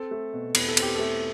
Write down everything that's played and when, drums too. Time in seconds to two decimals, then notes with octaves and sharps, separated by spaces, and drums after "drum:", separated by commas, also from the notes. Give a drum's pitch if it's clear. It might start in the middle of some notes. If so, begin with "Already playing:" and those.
Already playing: C4 A4
0.11 A3
0.33 B2
0.55 E2 B4, drum: cymbal
0.68 A4
0.77 C4 G4, drum: cymbal
0.95 A3 A4